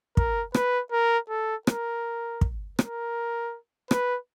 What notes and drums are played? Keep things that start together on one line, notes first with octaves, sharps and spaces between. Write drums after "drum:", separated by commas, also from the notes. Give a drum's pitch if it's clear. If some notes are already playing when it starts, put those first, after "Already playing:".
A#4, drum: kick
B4, drum: rim click
A#4
A4
A#4, drum: rim click
drum: kick
A#4, drum: rim click
B4, drum: rim click